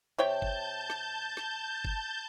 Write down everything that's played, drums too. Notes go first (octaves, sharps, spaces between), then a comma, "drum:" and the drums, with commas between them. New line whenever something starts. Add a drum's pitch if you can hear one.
C3 C#5 G5 A5 G6
drum: kick G1
drum: snare
drum: snare
drum: kick G1